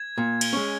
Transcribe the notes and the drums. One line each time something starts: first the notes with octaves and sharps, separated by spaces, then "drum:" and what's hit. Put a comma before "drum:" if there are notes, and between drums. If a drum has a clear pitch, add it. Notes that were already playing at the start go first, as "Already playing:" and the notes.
Already playing: G#6
A#2
drum: cymbal
G#3 C#4